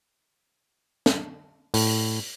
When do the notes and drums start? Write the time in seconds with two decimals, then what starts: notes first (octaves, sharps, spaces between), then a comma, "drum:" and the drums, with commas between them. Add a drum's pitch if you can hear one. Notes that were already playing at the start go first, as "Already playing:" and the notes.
1.06 drum: snare
1.74 A2, drum: open hi-hat